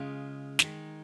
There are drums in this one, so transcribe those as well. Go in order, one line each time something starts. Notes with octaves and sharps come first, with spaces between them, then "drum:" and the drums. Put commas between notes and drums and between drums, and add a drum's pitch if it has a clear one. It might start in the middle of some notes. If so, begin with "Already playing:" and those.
Already playing: C#3 G#3 F4
D#3 G#3 D#4, drum: snare